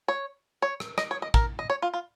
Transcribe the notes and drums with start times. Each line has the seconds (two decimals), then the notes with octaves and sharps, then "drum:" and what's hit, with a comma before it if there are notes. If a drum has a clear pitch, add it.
0.08 C#5
0.62 C#5
0.80 drum: rim click
0.98 D#5, drum: rim click
1.11 C#5
1.22 D#5
1.34 A#4, drum: kick
1.59 D#5
1.70 C#5
1.82 F4
1.94 F4